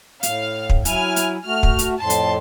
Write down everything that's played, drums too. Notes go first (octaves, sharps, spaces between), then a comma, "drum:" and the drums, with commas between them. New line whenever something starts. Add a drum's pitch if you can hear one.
A2 F5, drum: hi-hat
drum: kick
F#3 E4 G#5 F6, drum: hi-hat
drum: hi-hat
A3 F#4 F6
drum: kick
drum: hi-hat
F2 A2 A5 C6
drum: hi-hat